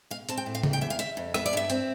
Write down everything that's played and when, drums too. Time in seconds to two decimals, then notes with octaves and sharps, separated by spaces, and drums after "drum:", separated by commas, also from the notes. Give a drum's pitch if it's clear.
0.10 B2 F5
0.29 C4 A5, drum: hi-hat
0.37 G5
0.46 A2
0.55 F5
0.63 G3, drum: tom C#3
0.73 G5
0.81 E2 E5
0.90 F5
0.99 G3 E5, drum: hi-hat
1.17 F2
1.34 B3 E5, drum: rim click
1.46 D5
1.53 G2 E5
1.70 C4, drum: hi-hat